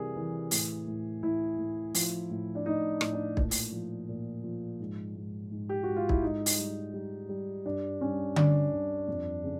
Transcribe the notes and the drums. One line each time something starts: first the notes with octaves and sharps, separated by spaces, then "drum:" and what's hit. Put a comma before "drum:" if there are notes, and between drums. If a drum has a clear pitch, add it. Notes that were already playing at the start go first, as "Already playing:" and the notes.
Already playing: C3 E3 G3 G#4 A#4
E3
A2, drum: open hi-hat
A2
A2 E4
A2
F3, drum: open hi-hat
A2
D4
A2 D#4
A2, drum: rim click
D4
A#2, drum: kick
drum: open hi-hat
F3
A#2
F3
G#2
G#2
G#2
G4
G#2 F#4
F4
E4, drum: kick
G#2 D#4
drum: open hi-hat
G3
G3
G3
G2 D4
G2 C#4
G2 D4, drum: tom D3
G2
F2
C#3